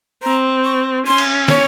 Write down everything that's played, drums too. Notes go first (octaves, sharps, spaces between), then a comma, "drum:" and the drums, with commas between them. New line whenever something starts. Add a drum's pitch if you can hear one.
C4 A#5
C#6
C#4 C6
drum: cymbal
C#5, drum: snare